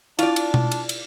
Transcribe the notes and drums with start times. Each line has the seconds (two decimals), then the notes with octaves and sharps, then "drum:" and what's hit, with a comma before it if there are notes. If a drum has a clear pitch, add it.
0.19 D4 E4 F4 D5, drum: cymbal
0.36 drum: cymbal
0.54 drum: tom B2
0.72 drum: cymbal
0.89 drum: cymbal